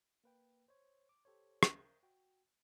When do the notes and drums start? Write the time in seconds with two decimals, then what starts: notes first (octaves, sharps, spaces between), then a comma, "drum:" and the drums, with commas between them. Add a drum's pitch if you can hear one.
0.24 A#3 B4 G5
0.68 C5 C#5
1.09 D6
1.25 G4 A4 C5 C#5
1.63 drum: rim click
1.76 A#4 D#6 G6
2.03 F#4 G5